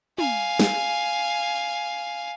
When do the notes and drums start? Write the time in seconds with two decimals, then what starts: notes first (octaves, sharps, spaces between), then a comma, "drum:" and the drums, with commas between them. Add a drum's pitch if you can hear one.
0.18 F5 G#5, drum: tom
0.60 drum: snare